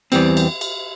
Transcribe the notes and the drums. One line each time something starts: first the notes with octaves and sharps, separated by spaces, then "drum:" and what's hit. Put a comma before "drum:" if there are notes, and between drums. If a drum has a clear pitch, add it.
E2 E3 G3 C4, drum: cymbal
drum: cymbal
drum: cymbal